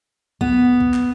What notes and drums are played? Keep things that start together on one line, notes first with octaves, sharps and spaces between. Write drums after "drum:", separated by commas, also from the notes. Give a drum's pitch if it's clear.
B3, drum: kick
drum: kick
drum: clap